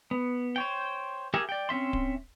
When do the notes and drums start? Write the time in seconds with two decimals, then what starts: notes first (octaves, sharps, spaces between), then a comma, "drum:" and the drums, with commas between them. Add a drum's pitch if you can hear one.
0.11 B3
0.56 C5 C#5 G5
1.34 G4 G#4 A#4 E5 G#5
1.49 D5 G5
1.69 C4 C#4 E5 C6
1.93 drum: kick D1